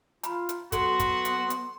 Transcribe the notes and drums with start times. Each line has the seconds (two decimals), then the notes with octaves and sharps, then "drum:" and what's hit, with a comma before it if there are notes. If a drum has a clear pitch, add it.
0.23 F4 A#5 B5, drum: hi-hat
0.49 drum: hi-hat
0.72 F#3 B3 F#4 A4 C6, drum: kick, hi-hat
0.99 drum: kick, hi-hat
1.25 drum: hi-hat
1.50 drum: hi-hat